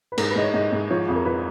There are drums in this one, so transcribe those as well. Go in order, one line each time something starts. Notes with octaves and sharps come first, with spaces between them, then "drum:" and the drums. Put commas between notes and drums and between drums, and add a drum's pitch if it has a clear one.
B4
G#2 A#4, drum: cymbal
B4
G#2 D#5
C#5
G#2 D#5
G#2
F3 C#5
F2
A#4
F3 B4